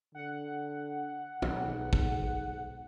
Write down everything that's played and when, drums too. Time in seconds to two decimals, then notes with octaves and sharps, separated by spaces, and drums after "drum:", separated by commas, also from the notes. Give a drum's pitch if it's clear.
0.15 D3 F#5
1.42 B1 G#2, drum: tom
1.93 drum: kick